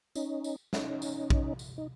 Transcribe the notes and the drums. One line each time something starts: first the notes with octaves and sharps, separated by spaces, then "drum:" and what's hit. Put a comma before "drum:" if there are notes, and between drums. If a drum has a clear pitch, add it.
C#4 D#4, drum: tambourine
drum: tambourine
C#4 D#4, drum: snare
drum: tambourine
drum: kick A#1
drum: tambourine
D#4